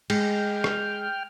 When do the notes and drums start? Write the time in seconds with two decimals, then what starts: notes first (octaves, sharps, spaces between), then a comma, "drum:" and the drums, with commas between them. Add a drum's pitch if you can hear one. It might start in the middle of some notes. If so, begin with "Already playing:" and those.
0.10 G#3 G5 F6, drum: cymbal
0.64 drum: rim click